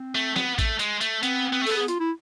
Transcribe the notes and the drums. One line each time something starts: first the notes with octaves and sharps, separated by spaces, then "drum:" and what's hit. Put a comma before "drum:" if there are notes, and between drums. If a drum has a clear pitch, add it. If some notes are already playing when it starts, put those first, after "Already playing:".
Already playing: C4
A3
B3, drum: snare
A3, drum: kick A1, hi-hat
G#3, drum: hi-hat
A3, drum: hi-hat
B3 C4, drum: hi-hat
B3
A3
B3 A4, drum: open hi-hat
G#4
F4, drum: hi-hat
E4